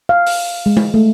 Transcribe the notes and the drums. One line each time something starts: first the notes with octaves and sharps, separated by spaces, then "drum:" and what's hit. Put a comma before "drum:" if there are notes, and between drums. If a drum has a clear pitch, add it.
F5
drum: open hi-hat
G#3
drum: tom G#3
A3